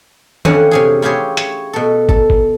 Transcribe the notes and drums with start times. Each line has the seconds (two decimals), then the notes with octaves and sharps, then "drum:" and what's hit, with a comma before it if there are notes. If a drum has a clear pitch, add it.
0.45 F2 D3 E3 F3 C#4 F#5, drum: tom D#3
0.71 C3 C#4 G#4
1.02 E4 F4 G4 G#4 C#5
1.37 C#5, drum: hi-hat
1.73 B2 A4
2.09 A4, drum: kick
2.30 drum: kick